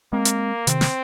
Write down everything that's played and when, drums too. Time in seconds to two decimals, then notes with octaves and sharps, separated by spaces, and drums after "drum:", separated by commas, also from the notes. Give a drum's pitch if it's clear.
0.12 G#3 A#3 C4
0.25 drum: hi-hat
0.67 C3 D#3 C4, drum: hi-hat
0.81 drum: snare